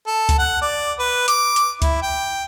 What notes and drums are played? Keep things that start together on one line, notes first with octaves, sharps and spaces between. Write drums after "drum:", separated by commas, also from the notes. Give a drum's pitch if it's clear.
A4
drum: kick C#2, hi-hat
F#5
D5
B4
D6, drum: hi-hat
drum: hi-hat
E4, drum: kick C#2, hi-hat
G5